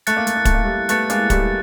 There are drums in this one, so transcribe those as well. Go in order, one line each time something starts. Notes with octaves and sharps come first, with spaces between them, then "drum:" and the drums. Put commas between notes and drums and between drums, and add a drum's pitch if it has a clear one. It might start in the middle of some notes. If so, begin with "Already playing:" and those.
A3 F#6 A6 C#7, drum: hi-hat
A#3
A3, drum: hi-hat
A#3
A3, drum: kick, hi-hat
A#3
G3 A3
A3 B3 F#6 A6 C#7, drum: hi-hat
G#3 A#3, drum: hi-hat
G3 A3, drum: kick, hi-hat